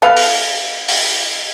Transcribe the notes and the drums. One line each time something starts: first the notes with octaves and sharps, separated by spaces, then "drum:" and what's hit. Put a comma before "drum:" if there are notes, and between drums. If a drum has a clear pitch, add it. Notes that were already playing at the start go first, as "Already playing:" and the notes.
B3 A4 B4 F5
drum: open hi-hat
drum: open hi-hat